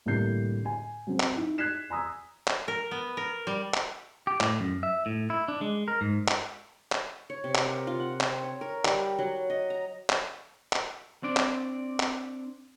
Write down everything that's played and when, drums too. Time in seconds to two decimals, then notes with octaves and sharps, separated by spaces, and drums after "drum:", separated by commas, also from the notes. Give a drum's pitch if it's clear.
0.06 C2 A2 D3 A#3 G6 C7
0.65 G#5
1.07 F#3 C4
1.20 drum: clap
1.36 D#4 E4
1.58 F#6 G#6 B6 C7 E7
1.90 G#5 A#5 D#6 E6
2.47 drum: clap
2.68 A#4
2.91 B3
3.17 A#4
3.47 G3
3.74 drum: clap
4.27 G4
4.40 A2, drum: clap
4.60 F#2
4.83 E5
5.06 A2
5.30 E4
5.48 D4
5.61 G#3
5.88 A#4
6.01 G#2
6.28 drum: clap
6.92 drum: clap
7.30 C#5
7.44 C3
7.55 drum: clap
7.66 A#4
7.87 F4
8.00 F#5
8.20 C4, drum: clap
8.43 C#5
8.61 A#4
8.85 G3, drum: clap
9.19 F#3
9.50 D#5
9.70 A#5
10.09 drum: clap
10.73 drum: clap
11.23 C4 D4 D5
11.37 drum: clap
12.00 drum: clap